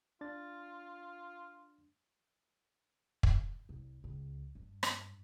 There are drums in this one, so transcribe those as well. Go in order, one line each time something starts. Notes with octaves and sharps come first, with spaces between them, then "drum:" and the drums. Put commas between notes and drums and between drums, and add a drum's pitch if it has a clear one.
D4 F4 A6
drum: kick
C2
C#2
G2
drum: rim click